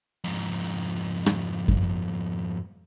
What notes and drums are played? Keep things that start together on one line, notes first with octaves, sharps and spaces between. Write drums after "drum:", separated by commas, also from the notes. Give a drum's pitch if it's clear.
F2 G#2
drum: rim click
drum: kick F#2